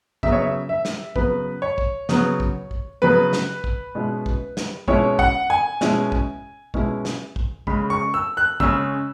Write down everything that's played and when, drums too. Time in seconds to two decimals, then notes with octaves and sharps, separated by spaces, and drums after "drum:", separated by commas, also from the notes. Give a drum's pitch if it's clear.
0.23 C#3 F#3 B3 E5, drum: kick
0.32 C#5
0.42 E5
0.69 E5
0.85 drum: snare
1.16 C#3 F#3 B3 B4, drum: kick
1.62 C#5
1.78 drum: kick
2.09 C#3 F#3 B3, drum: snare
2.40 drum: kick
2.71 drum: kick
3.02 C#3 F#3 B3 B4
3.33 drum: snare
3.64 drum: kick
3.95 B2 G#3 C#4 E4
4.26 drum: kick
4.57 drum: snare
4.88 B2 G#3 C#4 E4 C#5, drum: kick
5.19 F#5, drum: kick
5.50 G#5
5.81 B2 G#3 C#4 E4, drum: snare
6.12 drum: kick
6.74 B2 G#3 C#4 E4, drum: kick
7.05 drum: snare
7.36 drum: kick
7.67 C#3 G#3 C#4 B5, drum: kick
7.90 C#6
8.14 E6
8.37 F#6
8.60 C#3 G#3 C#4 E6, drum: kick